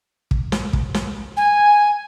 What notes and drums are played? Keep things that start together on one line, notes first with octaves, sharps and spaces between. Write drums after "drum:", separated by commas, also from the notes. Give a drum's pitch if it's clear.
drum: kick
drum: snare
drum: kick
drum: snare
G#5